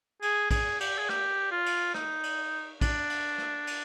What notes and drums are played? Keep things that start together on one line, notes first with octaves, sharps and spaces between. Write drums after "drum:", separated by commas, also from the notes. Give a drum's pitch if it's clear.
G#4, drum: cymbal
G#4, drum: kick A#1, cymbal
G4, drum: cymbal
G#4
G4, drum: rim click
F4
drum: cymbal
D#4, drum: rim click
drum: cymbal
D4, drum: kick A#1, cymbal
drum: cymbal
drum: rim click
drum: cymbal